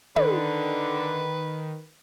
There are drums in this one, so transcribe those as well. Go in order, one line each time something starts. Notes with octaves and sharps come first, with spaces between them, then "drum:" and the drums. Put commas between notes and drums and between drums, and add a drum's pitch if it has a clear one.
D3 D#3 B4, drum: tom